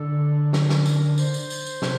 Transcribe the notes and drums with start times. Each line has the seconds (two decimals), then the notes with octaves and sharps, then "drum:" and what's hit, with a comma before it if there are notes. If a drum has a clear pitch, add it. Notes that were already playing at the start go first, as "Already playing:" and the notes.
Already playing: D3 A4
0.53 A#4, drum: snare
0.69 drum: snare
0.86 drum: tambourine
1.18 C5, drum: tambourine
1.34 drum: tambourine
1.50 drum: tambourine
1.66 drum: tambourine
1.82 C3, drum: snare